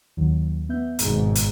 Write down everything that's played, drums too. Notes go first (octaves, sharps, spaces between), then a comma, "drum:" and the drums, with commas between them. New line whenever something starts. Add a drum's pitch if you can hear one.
D#2 D#3 F#3
B3 E5 G6
G#1 G#2 B2 A#5, drum: hi-hat
drum: hi-hat